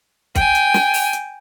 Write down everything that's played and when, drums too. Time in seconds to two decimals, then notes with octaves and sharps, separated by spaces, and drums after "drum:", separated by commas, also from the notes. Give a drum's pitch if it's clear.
0.35 G5 G#5, drum: kick, hi-hat
0.55 drum: hi-hat
0.74 drum: snare
0.94 drum: open hi-hat
1.13 drum: hi-hat